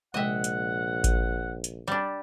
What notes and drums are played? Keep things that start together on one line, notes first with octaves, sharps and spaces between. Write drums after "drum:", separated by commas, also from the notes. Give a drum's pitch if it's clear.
A#1 C3 G#3 D#5 E5 F#5 G5
drum: hi-hat
drum: kick G#1, hi-hat
drum: hi-hat
G3 D4